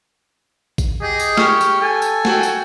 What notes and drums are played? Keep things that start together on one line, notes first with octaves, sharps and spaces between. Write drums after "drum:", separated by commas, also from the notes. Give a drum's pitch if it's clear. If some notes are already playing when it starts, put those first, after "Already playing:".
drum: kick A1, tambourine
G4 G#4 D#5
drum: tambourine
G4 C#6 F6, drum: snare
drum: tambourine
A4 G#5
drum: tambourine
F#4 G5, drum: snare
drum: tambourine